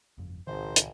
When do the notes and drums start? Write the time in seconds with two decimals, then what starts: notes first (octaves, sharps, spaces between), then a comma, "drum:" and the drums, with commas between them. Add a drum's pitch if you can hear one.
0.18 G1 F2
0.47 G#1 C#2 A#2 D#3 C5
0.76 drum: hi-hat